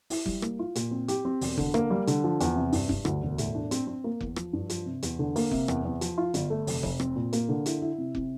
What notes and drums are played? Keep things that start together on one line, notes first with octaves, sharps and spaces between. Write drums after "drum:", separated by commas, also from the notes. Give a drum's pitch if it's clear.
E4, drum: open hi-hat
G3, drum: kick F1
A#3, drum: rim click
F4
A#2, drum: hi-hat
C4
G4, drum: hi-hat
C4
E1, drum: open hi-hat
D3, drum: kick F1
A#3, drum: rim click
G3
D3, drum: hi-hat
F3
E2, drum: hi-hat
C3
G2, drum: open hi-hat
G2, drum: kick F1
D2, drum: rim click
E1
A2, drum: hi-hat
D4
C4, drum: hi-hat
C4
A#3
E2, drum: kick F1
F3, drum: rim click
G2
F3, drum: hi-hat
C3
E2, drum: hi-hat
D3
A#3, drum: open hi-hat
C3, drum: kick F1
E2, drum: rim click
E2
F3, drum: hi-hat
F4
G1, drum: hi-hat
A3
F1, drum: open hi-hat
F1, drum: kick F1
C4, drum: rim click
A#2
A#3, drum: hi-hat
D3
E4, drum: hi-hat
E4
C3
C3, drum: kick F1